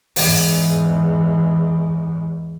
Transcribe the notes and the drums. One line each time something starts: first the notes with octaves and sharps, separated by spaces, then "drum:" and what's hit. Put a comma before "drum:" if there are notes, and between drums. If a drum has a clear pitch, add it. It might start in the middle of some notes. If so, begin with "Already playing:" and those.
E2 G#2, drum: open hi-hat